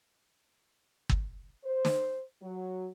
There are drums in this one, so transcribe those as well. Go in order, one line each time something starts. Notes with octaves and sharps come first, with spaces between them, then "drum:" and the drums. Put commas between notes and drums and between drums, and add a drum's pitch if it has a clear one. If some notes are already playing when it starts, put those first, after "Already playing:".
drum: kick G1
C5
drum: snare
F#3